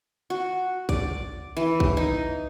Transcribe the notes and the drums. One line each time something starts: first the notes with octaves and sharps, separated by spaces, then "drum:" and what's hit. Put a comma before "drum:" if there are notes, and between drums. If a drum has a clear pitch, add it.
F#4
D5, drum: kick
E3
drum: kick
D#4